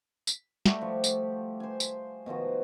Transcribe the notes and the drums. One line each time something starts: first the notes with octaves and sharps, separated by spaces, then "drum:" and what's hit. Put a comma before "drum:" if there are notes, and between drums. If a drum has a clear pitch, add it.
drum: tambourine
G3 A3 F#4 G4, drum: snare
F3 C#6
drum: tambourine
C5 G#5
drum: tambourine
B2 D#3 F3 F#4